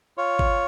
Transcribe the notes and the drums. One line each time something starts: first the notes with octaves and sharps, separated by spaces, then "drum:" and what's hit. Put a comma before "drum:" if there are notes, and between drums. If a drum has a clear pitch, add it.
F4 C#5
drum: kick